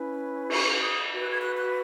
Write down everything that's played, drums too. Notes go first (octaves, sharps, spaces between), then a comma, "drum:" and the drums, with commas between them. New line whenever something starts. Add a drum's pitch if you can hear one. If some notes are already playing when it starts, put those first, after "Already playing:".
Already playing: C#4 E4 B4
C#6, drum: cymbal
D#6
F#4 B4
F#6
G#6
F#6
F#6